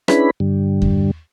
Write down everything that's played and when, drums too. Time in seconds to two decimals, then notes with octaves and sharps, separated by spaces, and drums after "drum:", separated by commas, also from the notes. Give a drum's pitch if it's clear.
0.08 C#4 D4 E4 G#4 B4 B5, drum: rim click
0.40 G2 D3 G3
0.82 drum: kick E2